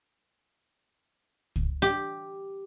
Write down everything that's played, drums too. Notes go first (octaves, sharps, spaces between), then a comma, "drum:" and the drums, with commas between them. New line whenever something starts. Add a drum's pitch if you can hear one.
drum: kick
G4